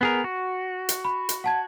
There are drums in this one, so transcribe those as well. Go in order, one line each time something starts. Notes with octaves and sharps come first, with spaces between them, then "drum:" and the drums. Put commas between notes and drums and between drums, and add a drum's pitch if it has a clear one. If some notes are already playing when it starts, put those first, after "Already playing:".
B3 G#4 A#4
F#4
drum: hi-hat
B5
drum: hi-hat
F#5 A5 G#6